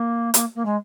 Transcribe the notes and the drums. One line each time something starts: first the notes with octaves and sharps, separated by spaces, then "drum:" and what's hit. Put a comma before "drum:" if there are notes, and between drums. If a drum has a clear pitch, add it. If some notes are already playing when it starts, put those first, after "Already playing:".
Already playing: A#3
A#3, drum: hi-hat
A#3
G#3